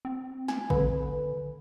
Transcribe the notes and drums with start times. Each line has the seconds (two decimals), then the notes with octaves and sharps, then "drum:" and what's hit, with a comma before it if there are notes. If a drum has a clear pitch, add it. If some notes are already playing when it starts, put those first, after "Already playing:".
0.05 C4
0.48 G#5, drum: snare
0.70 D3 B4, drum: kick